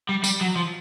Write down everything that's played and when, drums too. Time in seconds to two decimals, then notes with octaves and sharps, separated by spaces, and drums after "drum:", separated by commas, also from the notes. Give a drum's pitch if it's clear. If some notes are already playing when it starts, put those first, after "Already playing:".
0.09 G3
0.24 G3, drum: tambourine
0.41 F#3
0.56 F3